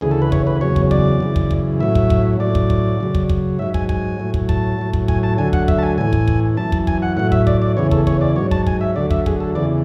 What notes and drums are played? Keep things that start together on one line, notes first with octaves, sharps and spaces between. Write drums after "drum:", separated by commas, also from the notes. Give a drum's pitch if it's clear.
D2 C#3 E3 G#4
A4
B4
C#5, drum: kick
B4
E2 C#3 F#3 C#5
drum: kick
D5, drum: kick
F#2 C#3 E3
drum: kick
drum: kick
A2 F#3 E5
drum: kick
drum: kick
A2 F#3 D5
drum: kick
drum: kick
F#2 C#3 F#3
drum: kick
drum: kick
G#2 F#3 E5
G#5, drum: kick
G#5, drum: kick
A2 F#3
drum: kick
A5, drum: kick
A2 F#3
drum: kick
G#5, drum: kick
A5
D2 D3 F#3 G#5
F#5, drum: kick
E5, drum: kick
A5
G#5
A2 E3 G#5
drum: kick
drum: kick
F#2 E3 A5
drum: kick
G#5, drum: kick
F#5
A2 F#3 F#5
E5, drum: kick
D5, drum: kick
D5
E2 C#3 E3 C#5
A4, drum: kick
C#5, drum: kick
D5
G#2 F#3 C#5
A5, drum: kick
G#5, drum: kick
E5
D2 D3 F#3 D5
E5, drum: kick
G#4, drum: kick
A4
E2 C#3 E3 D5